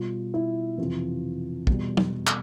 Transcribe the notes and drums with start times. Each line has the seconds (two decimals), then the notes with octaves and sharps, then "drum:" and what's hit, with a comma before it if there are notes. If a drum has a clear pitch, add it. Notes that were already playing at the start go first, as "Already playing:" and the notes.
Already playing: B2 G3 F4
0.34 E4
0.78 F2 C3 E3 F4
1.67 E2 B2 G3, drum: kick
1.97 drum: tom
2.27 drum: clap